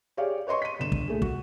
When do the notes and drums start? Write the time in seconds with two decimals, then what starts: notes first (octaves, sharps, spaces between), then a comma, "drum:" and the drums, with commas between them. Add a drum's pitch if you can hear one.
0.17 G4 G#4 C#5 D5 F5
0.47 B4 C#5 D#5 C6 C#6
0.62 B6 D#7
0.79 G1 E7
0.92 drum: kick
1.08 A#2 A3 G#4
1.22 F#4, drum: kick